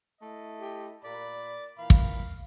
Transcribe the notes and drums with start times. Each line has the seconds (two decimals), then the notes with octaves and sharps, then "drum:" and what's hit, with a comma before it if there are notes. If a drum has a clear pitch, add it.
0.22 A3 E4 D#5
0.61 G4
1.03 A#2 D5 B5
1.78 A#2 E3 F5 B5
1.90 drum: kick